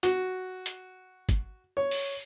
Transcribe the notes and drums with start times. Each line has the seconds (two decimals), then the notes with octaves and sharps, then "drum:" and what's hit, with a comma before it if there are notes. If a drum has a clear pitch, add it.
0.03 F#4, drum: hi-hat
0.66 drum: hi-hat
1.29 drum: kick, hi-hat
1.77 C#5
1.91 drum: open hi-hat